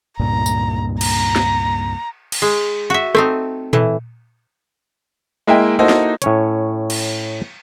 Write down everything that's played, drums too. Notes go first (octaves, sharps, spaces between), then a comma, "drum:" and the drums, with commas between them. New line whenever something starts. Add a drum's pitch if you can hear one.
C#2 G2 A#2 A#5
drum: tambourine
A#5, drum: cymbal
drum: snare
drum: cymbal
G#3
F#4 E5
A3 C4 D#4, drum: rim click
A2 E3, drum: tom A#2
G#3 A#3 E4 D#5 E5 G5
A#3 D#4 E4 F#4 A4 C5
drum: snare
A2 C#4 C#5, drum: hi-hat
drum: cymbal